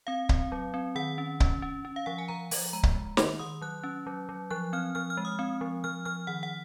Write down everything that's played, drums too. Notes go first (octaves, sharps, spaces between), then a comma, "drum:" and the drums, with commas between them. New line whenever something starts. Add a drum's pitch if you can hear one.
C4 F5
C4, drum: kick C#1
F#3
C4
D#3 F#5
C#4
C#4, drum: kick C#1
C#4
C#4
F5
F3 F#5
G#5
F3 A#5
F3, drum: open hi-hat
G#3 A#5
drum: kick C#1
G#3
D#3 C6, drum: snare
D#3 D#6
F#3 F#6
C#4
F#3
F#3
F3 F#6
C4 F6
F3 F6
F6
G#3
D#6
C4
F3
F3 F6
F3 F6
D#3 F#5
F#5